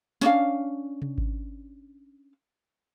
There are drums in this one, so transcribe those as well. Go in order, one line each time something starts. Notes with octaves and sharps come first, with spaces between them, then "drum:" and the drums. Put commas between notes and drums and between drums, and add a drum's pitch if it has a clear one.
C#4 D4 F5, drum: snare
drum: tom C3
drum: kick G#1